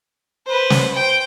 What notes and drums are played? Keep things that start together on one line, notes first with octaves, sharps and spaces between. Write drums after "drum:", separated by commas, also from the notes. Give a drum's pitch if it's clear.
B4 C5
drum: snare
C5 G5